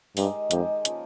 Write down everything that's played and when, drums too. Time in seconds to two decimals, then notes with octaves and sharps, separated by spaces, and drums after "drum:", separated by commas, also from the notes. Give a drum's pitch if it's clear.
0.17 G2 D#3 G#3 D#4 G4, drum: open hi-hat
0.51 F2 D#3 G#3 D#4 G4, drum: hi-hat
0.85 C#3 F3 A#3, drum: hi-hat